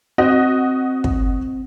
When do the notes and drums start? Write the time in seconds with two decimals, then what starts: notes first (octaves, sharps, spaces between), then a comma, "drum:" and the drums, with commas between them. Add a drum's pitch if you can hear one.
0.18 C4 F#4 D#5
1.04 drum: kick